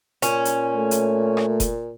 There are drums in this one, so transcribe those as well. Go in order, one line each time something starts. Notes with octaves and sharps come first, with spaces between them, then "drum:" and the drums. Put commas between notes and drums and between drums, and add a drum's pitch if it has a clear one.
A#2 C#4, drum: hi-hat
drum: hi-hat
A3
drum: hi-hat
drum: rim click
drum: kick F1, hi-hat